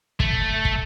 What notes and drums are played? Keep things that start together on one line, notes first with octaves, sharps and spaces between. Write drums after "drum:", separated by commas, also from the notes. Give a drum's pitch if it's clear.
A3, drum: kick
drum: kick